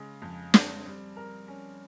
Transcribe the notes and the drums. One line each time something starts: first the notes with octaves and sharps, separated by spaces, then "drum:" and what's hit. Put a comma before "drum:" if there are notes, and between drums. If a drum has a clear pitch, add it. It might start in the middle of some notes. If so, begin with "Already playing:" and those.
Already playing: C#3 G#3
F2
C4, drum: snare
G3
A#4
C#4